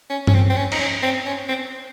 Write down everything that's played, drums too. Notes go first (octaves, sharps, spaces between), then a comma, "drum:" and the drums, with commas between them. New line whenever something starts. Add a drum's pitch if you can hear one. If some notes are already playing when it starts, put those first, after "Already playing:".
C#4
C#4, drum: tom G2
C4
C4
C#4
D#4, drum: cymbal
C#4
C4
C#4
C4